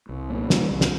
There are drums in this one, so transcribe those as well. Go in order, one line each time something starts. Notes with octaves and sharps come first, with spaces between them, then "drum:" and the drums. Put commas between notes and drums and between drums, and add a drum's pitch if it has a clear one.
C2
A#2
G3, drum: snare
C2
drum: snare